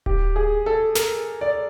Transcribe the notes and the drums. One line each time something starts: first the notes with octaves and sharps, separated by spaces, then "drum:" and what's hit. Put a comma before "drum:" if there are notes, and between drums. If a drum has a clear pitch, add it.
G4, drum: kick D1
G#4
A4
A#4, drum: snare
D5